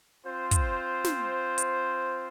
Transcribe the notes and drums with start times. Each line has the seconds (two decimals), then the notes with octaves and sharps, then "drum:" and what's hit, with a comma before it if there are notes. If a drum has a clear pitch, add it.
0.24 C4 F4 C5
0.51 drum: kick, hi-hat
1.04 drum: snare
1.58 drum: hi-hat